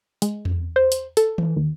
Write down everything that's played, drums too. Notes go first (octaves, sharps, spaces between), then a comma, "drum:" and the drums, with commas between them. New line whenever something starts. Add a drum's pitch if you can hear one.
G#3, drum: hi-hat
drum: tom E2
C5
drum: hi-hat
A4, drum: hi-hat
drum: tom D#3
D#2